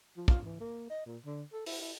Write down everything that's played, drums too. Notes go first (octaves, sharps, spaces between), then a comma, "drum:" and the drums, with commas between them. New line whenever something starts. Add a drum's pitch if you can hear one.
F3
F4, drum: kick
E3
A#3
D#5
A#2
D3
A4
E4, drum: open hi-hat
E4